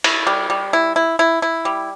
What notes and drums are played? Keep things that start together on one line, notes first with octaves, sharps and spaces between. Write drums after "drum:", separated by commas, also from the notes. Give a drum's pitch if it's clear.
E4, drum: cymbal
G3
G3
E4
E4
E4
E4
G3